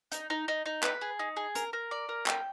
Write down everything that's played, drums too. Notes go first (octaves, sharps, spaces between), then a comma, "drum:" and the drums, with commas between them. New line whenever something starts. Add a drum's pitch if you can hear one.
D#4, drum: hi-hat
D#4
D#4
D#4
B4, drum: clap
G#4
D#4
G#4
A#4, drum: hi-hat
A#4
D5
A#4
G5, drum: clap